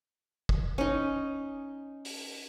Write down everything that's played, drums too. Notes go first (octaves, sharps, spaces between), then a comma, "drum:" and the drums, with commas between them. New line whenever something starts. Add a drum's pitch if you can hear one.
drum: kick
C#4 D#4
drum: open hi-hat